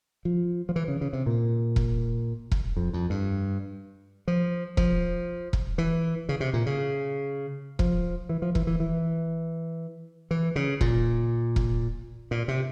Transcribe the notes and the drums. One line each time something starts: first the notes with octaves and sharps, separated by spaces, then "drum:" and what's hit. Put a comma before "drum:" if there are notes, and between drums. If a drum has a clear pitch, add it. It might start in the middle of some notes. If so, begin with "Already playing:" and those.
F3
F3
E3
C#3
C#3
C3
A#2
drum: kick E1
drum: kick E1
F2
F2
G2
F3
F3, drum: kick E1
drum: kick E1
E3
C#3
C3
A#2
C#3
F3, drum: kick E1
E3
F3
E3, drum: kick E1
E3
E3
E3
C#3
A#2, drum: kick E1
drum: kick E1
A#2
C3